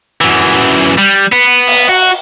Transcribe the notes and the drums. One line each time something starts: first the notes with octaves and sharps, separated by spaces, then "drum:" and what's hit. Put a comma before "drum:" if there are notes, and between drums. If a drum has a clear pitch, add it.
F#2 E3
G3
B3
drum: open hi-hat
F#4